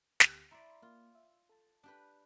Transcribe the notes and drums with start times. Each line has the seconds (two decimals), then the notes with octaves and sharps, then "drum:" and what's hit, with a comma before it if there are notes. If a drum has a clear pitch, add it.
0.20 D2 B3 G4, drum: snare
0.51 E4 D5 A#5 C6
0.82 A#3 F4
1.15 E5
1.49 A4 A5
1.83 D4 G4 B4